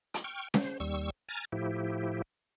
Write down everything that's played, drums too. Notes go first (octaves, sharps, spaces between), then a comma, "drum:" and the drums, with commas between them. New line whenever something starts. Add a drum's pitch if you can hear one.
drum: hi-hat
G5 C#6 F6
C5, drum: snare C#4
D#2 G3 C#6 E6
G#5 A#5 F6 A6
A2 F3 E4 G4